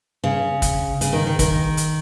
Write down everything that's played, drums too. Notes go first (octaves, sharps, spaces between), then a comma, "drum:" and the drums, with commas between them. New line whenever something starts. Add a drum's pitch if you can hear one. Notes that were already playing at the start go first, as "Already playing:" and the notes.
C#3
drum: kick, hi-hat
C#3, drum: hi-hat
D#3
D#3
D#3, drum: kick, hi-hat
drum: hi-hat